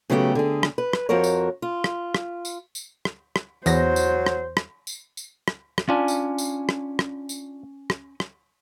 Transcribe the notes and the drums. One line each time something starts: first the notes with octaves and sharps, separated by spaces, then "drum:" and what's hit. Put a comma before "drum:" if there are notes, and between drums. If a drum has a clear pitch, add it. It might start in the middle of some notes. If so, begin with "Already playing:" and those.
C#3 F#3 A3 B3 F#4 G4
D3 G#4
drum: rim click
B4
drum: rim click
F2 F3 F#4 A#4 C#5
drum: tambourine
F4
drum: rim click
drum: rim click
drum: tambourine
drum: tambourine
drum: rim click
drum: rim click
E2 F#3 C5 A#6, drum: tambourine
drum: tambourine
drum: rim click
drum: rim click
drum: tambourine
drum: tambourine
drum: rim click
drum: rim click
C#4 D4 F4 G#5
drum: tambourine
drum: tambourine
drum: rim click
drum: rim click
drum: tambourine
drum: rim click
drum: rim click